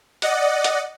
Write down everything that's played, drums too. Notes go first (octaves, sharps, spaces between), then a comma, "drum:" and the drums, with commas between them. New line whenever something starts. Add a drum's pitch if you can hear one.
D5 D#5 F#5, drum: hi-hat
drum: hi-hat